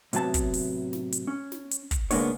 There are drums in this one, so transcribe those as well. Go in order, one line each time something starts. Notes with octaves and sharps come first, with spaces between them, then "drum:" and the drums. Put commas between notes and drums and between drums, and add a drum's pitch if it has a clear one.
A2 C3 F#3 B3 A5, drum: hi-hat
drum: kick, hi-hat
drum: open hi-hat
drum: snare
drum: hi-hat
C#4
drum: snare
drum: hi-hat
drum: kick, hi-hat
C#3 G#3 A#3 B3 D4 C#5, drum: open hi-hat